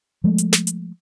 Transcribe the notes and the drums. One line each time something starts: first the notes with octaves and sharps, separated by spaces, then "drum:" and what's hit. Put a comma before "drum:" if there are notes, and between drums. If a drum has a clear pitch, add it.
F3 G#3 A3
drum: hi-hat
drum: snare
drum: hi-hat